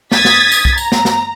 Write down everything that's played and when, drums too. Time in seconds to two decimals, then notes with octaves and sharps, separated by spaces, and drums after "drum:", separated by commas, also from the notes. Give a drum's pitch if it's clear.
0.12 D#6 G#6 A6 B6, drum: snare
0.25 drum: snare
0.52 drum: tambourine
0.65 drum: kick B1
0.78 A#5, drum: tambourine
0.92 drum: snare
1.05 drum: snare